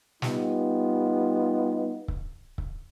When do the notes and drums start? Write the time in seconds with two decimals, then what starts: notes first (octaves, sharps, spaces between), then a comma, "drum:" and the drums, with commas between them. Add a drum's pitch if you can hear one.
0.22 G3 B3 D#4 F4 G4, drum: snare
2.08 drum: kick C#1
2.58 drum: kick C#1